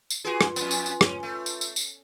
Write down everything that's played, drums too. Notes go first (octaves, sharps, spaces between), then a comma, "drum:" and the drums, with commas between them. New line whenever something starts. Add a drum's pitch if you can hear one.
drum: tambourine
F4 F#4 G#4 B4 C6
drum: rim click
F2 B3, drum: tambourine
drum: tambourine
drum: tambourine
C#4, drum: rim click
A3
drum: tambourine
drum: tambourine
drum: tambourine